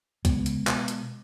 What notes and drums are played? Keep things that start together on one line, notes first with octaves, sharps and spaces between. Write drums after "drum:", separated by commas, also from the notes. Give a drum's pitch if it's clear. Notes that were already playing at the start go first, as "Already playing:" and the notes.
C#2 G#3 B3, drum: kick, hi-hat
drum: hi-hat
B2, drum: clap
drum: hi-hat